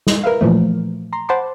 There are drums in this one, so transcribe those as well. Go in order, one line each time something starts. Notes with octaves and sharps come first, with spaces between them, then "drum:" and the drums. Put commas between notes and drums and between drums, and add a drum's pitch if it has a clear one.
drum: snare
A#4 B4 E5 F5
A#2 E3 F3 A3
A#5 C6
C5 F#5 A5 B5 C6 D6